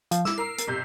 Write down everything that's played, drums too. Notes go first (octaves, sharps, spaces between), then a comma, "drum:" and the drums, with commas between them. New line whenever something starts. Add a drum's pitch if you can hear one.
F3, drum: hi-hat
E4 D6 E6, drum: snare
A#4 A#5 E6 C7
drum: hi-hat
G1 C3 G6